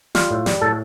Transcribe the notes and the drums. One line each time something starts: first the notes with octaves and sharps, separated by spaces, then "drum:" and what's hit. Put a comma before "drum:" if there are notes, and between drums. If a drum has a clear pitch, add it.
G3 F4 F5, drum: snare
A2
G3, drum: snare
A2 A4 A5